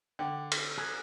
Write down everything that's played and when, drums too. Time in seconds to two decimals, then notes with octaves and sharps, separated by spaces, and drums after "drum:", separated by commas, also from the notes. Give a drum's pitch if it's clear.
0.19 D3 G5
0.52 drum: cymbal
0.78 G#4 F#6